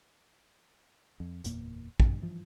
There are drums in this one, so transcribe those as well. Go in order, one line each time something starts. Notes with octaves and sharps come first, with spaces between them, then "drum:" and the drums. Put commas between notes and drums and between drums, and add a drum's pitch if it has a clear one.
F2
F#1 E2 A#2 A#3, drum: hi-hat
G2 B2 D3, drum: kick
G2 E3 F3